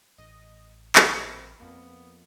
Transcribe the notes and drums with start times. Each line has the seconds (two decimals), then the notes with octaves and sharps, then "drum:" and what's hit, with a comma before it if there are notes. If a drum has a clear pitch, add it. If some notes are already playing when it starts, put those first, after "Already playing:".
0.18 A1 D#5
0.95 A#2 C4 A#4 B5, drum: clap
1.60 F2 A#3 B3